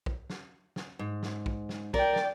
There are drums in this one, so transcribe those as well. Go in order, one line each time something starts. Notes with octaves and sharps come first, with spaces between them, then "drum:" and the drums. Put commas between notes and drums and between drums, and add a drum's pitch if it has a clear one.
drum: kick
drum: snare
drum: snare
G#2
drum: snare
drum: kick
drum: snare
A#4 D5 G5, drum: kick
drum: snare